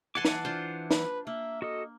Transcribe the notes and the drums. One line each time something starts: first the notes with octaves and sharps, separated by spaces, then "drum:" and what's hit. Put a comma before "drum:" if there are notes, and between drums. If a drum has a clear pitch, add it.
E3 F#5 G#5 A5 C6 D6
drum: snare
D4 F4 C5
B4, drum: snare
A#3 E5
F#4 A4 D#5